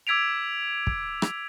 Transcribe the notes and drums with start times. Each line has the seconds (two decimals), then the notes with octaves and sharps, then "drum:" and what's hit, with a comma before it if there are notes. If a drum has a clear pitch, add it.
0.07 D6 E6 G#6 B6 D7 F7
0.87 drum: kick
1.22 drum: rim click